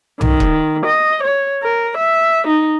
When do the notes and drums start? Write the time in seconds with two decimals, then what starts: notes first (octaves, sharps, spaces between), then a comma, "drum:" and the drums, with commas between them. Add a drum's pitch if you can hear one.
0.21 D#3, drum: tom B1
0.40 drum: kick
0.85 D#5
1.23 C#5
1.63 A#4
1.97 E5
2.47 D#4